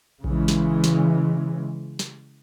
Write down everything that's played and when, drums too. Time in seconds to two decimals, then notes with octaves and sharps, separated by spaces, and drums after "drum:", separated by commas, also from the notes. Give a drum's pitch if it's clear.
0.24 C#3 E3 G#3, drum: kick A#1
0.48 drum: snare
0.84 drum: snare
1.99 drum: snare